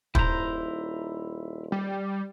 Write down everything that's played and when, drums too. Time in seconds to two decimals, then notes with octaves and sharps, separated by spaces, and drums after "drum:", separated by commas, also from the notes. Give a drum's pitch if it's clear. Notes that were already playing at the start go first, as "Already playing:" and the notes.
0.15 D#1 E4 C5 A#5, drum: kick
1.72 G3